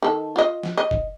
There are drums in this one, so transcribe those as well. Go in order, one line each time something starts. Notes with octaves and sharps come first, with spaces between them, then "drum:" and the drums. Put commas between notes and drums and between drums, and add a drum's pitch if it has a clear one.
D#3 A4
F4 D#5
drum: snare
D#5
drum: kick